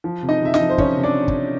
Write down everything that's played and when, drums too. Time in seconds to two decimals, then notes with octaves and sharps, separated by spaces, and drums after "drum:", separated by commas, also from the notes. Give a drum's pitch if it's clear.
0.04 F3
0.23 C3
0.29 D#4 D#5
0.41 C3 E5
0.54 D#4 D#5, drum: snare
0.60 F3
0.70 C5
0.78 F3 C#4 C#5, drum: kick
0.97 C3
1.03 D4 D5
1.28 drum: kick